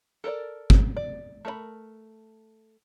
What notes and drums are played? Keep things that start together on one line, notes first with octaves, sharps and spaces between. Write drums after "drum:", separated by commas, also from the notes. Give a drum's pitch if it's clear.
A4 A#4 C#5 D5
drum: kick G1
D5
A3 A#4 D5 B5